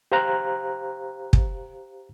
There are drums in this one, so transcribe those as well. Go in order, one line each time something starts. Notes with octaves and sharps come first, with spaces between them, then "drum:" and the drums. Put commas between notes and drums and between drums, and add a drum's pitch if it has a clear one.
G4 C5 F5 A#5 F#6
drum: kick